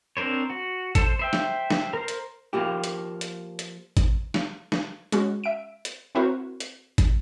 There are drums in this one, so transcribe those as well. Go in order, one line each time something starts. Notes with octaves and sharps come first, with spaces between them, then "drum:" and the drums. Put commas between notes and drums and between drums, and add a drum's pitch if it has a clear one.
C4 D4 A#4 C5 C#5
F#4
A4 C5, drum: kick, hi-hat
C5 E5 G5
drum: snare
drum: snare
A#4 C5
drum: hi-hat
F3 A#3 G4
drum: hi-hat
drum: hi-hat
drum: hi-hat
drum: kick, hi-hat
drum: snare
drum: snare
G#3 C#4 F#4, drum: hi-hat
E5 D7
drum: hi-hat
C4 E4 F#4 A#4 C5 C#5
drum: hi-hat
drum: kick, hi-hat